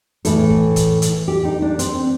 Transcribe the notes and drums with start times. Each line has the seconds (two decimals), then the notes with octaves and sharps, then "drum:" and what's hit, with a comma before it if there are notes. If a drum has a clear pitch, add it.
0.25 A2 E3 A4, drum: hi-hat
0.50 drum: kick
0.76 drum: kick, hi-hat
1.02 drum: hi-hat
1.28 G4
1.45 D#4
1.62 D4
1.79 C4, drum: hi-hat